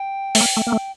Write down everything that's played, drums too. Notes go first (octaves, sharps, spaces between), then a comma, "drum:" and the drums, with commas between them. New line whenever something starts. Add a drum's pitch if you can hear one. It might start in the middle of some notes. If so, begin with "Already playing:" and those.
Already playing: G5
A3, drum: open hi-hat
A#3
A3
A#3
A3